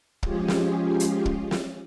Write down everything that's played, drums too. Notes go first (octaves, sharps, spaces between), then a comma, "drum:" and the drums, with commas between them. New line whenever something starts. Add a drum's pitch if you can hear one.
F3 G#3 C#4 F4 G4 G#4, drum: kick
drum: snare
drum: hi-hat
drum: kick
drum: snare